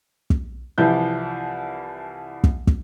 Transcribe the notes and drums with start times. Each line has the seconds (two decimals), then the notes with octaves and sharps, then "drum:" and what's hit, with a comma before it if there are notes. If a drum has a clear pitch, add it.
0.30 drum: kick
0.78 C2 E3 F3 E4 G6
2.44 drum: kick
2.67 drum: kick